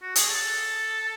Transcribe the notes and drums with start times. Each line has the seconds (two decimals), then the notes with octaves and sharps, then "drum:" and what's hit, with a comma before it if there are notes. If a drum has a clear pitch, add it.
0.02 F#4
0.16 G#4, drum: hi-hat
0.30 A4